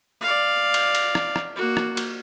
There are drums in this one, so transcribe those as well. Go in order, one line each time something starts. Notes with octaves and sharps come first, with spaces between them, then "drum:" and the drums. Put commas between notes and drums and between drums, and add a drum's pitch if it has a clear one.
D5 F5
drum: cymbal
drum: cymbal
drum: rim click
drum: rim click
A#3 F#4
drum: rim click
drum: cymbal